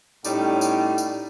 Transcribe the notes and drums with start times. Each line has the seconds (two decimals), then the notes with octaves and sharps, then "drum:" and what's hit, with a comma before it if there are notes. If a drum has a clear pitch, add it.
0.24 A2 G3 C#4 D#4 D5, drum: tambourine
0.61 drum: tambourine
0.98 drum: tambourine